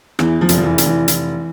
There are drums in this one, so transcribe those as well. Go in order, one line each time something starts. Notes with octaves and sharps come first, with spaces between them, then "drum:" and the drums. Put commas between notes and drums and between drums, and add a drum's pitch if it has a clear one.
E2 E3, drum: rim click
F3
F1, drum: hi-hat
F3
E3
F1, drum: hi-hat
E3
E3, drum: hi-hat